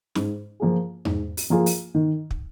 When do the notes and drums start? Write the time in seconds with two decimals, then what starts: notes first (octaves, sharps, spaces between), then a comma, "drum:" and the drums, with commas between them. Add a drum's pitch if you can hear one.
0.15 G#2, drum: snare
0.60 F3 A#3 F4 G#4
1.05 G#2, drum: tom E2
1.37 drum: open hi-hat
1.50 F3 A#3 F4 G#4
1.66 drum: open hi-hat
1.95 D#3
2.31 drum: kick